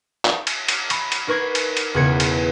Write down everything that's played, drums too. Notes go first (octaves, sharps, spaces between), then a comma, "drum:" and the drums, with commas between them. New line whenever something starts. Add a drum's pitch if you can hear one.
drum: clap
drum: cymbal
drum: cymbal
A#5 B5 C#6, drum: cymbal
drum: cymbal
D#4 A#4 B4 C#6 G#6 C7
drum: cymbal
drum: cymbal
E1 E2 C#3 B4 G#6 C#7
drum: cymbal